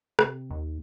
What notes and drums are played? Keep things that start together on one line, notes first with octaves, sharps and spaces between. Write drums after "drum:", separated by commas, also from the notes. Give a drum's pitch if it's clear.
C3, drum: rim click
D#2